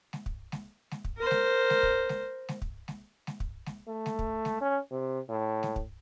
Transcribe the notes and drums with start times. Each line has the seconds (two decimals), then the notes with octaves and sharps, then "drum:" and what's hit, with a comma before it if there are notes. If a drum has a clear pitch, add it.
0.13 drum: snare G#3
0.26 drum: kick
0.52 drum: snare G#3
0.91 drum: snare G#3
1.04 drum: kick
1.18 A#4 C5
1.31 drum: snare G#3
1.70 drum: snare G#3
1.83 drum: kick
2.09 drum: snare G#3
2.49 drum: snare G#3
2.62 drum: kick
2.88 drum: snare G#3
3.27 drum: snare G#3
3.40 drum: kick
3.66 drum: snare G#3
3.88 A3
4.06 drum: snare G#3
4.19 drum: kick
4.45 drum: snare G#3
4.61 C#4
4.91 C3
5.29 A2
5.63 drum: snare G#3
5.76 drum: kick